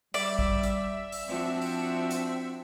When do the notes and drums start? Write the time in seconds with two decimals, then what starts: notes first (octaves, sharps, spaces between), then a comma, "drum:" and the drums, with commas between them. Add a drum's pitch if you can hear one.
0.14 G3 D5 E5, drum: open hi-hat
0.39 drum: kick
0.63 drum: hi-hat
1.12 drum: open hi-hat
1.27 F3 C4 D4 F#4
1.61 drum: open hi-hat
2.10 drum: hi-hat